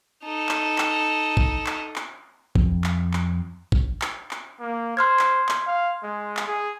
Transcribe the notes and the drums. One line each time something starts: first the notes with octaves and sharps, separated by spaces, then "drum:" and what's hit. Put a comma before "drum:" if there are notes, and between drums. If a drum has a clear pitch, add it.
D#4 A4
drum: clap
drum: clap
drum: kick
drum: clap
drum: clap
F2, drum: kick
drum: clap
drum: clap
drum: kick
drum: clap
drum: clap
A#3
C5 C6 F6 G#6
drum: clap
drum: clap
F5
G#3
drum: clap
G#4